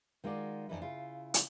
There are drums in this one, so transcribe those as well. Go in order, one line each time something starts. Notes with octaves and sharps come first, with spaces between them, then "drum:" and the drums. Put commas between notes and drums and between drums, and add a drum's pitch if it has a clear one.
D#3 G#3 F4 F#4 D5
F2 C3 E3 D4 D#4 B4
C#3 E4 F4
drum: hi-hat